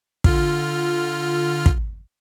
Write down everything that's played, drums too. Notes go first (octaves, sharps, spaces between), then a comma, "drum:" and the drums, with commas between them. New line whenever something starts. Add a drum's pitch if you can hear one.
D3 F4 F6, drum: kick
drum: kick